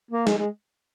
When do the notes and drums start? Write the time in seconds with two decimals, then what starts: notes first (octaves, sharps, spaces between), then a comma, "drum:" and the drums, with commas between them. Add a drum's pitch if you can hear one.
0.11 A#3
0.27 G#3, drum: snare
0.38 G#3